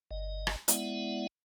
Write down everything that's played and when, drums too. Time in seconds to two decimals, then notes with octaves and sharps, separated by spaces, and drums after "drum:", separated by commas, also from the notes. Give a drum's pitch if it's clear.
0.11 G1 D#5
0.47 drum: rim click
0.68 G#3 B3 E4 D5 E5 F#5, drum: hi-hat